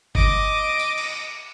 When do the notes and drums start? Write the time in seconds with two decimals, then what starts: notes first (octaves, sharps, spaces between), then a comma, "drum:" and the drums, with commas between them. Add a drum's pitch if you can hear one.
0.15 D#5 D6, drum: kick G1
0.79 drum: tambourine
0.98 drum: cymbal